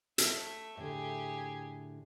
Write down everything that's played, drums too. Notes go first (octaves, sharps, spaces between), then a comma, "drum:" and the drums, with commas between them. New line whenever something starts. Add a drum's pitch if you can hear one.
A3 E5 G5, drum: hi-hat
A2 D3 G4 G#4